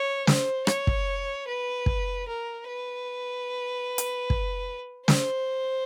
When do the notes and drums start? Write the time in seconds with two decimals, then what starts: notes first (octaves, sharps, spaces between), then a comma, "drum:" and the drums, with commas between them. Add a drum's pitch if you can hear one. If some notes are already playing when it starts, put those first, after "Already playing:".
Already playing: C#5
0.27 C5, drum: snare
0.67 C#5, drum: rim click
0.87 drum: kick
1.47 B4
1.86 drum: kick
2.28 A#4
2.68 B4
3.98 drum: hi-hat
4.30 drum: kick
5.08 C5, drum: snare